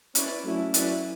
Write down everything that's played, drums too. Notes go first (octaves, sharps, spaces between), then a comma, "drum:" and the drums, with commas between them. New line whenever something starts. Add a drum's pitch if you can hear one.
C#4 E4 B4 D5, drum: hi-hat
F#3 A3 C#4 E4
F#3 C#4 E4 B4 D5, drum: hi-hat